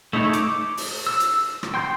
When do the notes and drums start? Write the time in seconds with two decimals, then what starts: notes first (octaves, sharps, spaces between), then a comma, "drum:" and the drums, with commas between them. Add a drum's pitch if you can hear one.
0.13 A3 D#4 E4 C#5
0.33 D6, drum: hi-hat
0.77 drum: open hi-hat
1.07 E6
1.20 drum: hi-hat
1.63 drum: rim click
1.74 G5 C6 G6